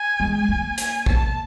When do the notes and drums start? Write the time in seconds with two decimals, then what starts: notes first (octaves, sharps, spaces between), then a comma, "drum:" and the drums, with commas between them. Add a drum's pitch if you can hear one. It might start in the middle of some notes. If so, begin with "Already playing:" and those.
Already playing: G#5
0.20 G#3
0.35 G#5
0.49 A#3
0.78 G#5, drum: hi-hat
1.06 A5, drum: kick